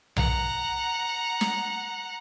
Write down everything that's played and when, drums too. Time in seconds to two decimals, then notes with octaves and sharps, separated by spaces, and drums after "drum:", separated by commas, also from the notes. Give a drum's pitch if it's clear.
0.16 F#5 A#5, drum: tom B1
1.41 drum: snare